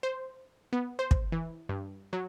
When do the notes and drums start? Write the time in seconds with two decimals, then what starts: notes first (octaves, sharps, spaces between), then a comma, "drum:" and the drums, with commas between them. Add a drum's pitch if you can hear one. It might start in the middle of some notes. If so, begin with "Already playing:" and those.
0.03 C5
0.73 B3
0.99 C5
1.11 drum: kick
1.32 E3
1.69 G2
2.13 F#3